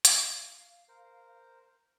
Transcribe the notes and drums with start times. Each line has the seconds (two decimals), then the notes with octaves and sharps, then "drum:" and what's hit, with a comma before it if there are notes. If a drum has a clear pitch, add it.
0.05 F5, drum: hi-hat
0.89 A#4 C5